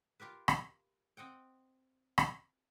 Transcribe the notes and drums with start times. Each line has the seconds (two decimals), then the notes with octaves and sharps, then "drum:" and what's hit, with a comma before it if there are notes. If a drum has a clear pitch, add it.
0.20 F4 G4 A#4 B4
0.48 drum: rim click
1.17 C4 D#5 F#5 G5
2.18 drum: rim click